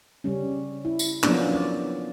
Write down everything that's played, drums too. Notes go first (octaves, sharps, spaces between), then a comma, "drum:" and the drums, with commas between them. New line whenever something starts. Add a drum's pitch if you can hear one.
C#3 G3 C#4
E4
drum: tambourine
F3 F#3 A#3 B3 C#4 D4, drum: clap
D5